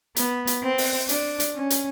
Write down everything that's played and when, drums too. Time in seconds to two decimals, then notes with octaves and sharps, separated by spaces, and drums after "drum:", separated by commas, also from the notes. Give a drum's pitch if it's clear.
0.16 B3, drum: hi-hat
0.47 drum: hi-hat
0.63 C4
0.78 drum: open hi-hat
1.09 D4, drum: hi-hat
1.40 drum: hi-hat
1.55 C#4
1.70 drum: hi-hat